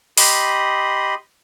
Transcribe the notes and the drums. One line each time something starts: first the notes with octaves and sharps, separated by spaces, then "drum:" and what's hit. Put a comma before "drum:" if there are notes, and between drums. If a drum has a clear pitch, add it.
G4 D#5 B5 C6 D#6, drum: open hi-hat